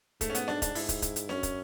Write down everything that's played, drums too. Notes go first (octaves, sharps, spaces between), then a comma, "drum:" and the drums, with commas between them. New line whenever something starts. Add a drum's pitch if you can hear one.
G#2 A3, drum: kick, hi-hat
C#4
B3, drum: hi-hat
D4, drum: snare D4
D4, drum: kick, hi-hat
G#2 E4, drum: open hi-hat
drum: kick, hi-hat
drum: kick, hi-hat
drum: hi-hat
F#2 C#4, drum: snare D4
drum: kick, hi-hat